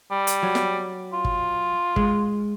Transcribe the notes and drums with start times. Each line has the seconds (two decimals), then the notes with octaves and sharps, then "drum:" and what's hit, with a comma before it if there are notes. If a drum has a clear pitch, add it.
0.11 G3
0.27 drum: hi-hat
0.43 F#3
0.55 drum: snare
1.13 F4
1.25 drum: kick
1.96 G#3, drum: kick